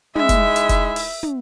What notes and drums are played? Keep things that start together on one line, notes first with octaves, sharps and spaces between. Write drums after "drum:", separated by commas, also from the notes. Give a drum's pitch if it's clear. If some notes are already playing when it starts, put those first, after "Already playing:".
G#3 D#4 E4 E5, drum: tom
drum: kick, hi-hat
drum: hi-hat
drum: kick, hi-hat
drum: open hi-hat
drum: tom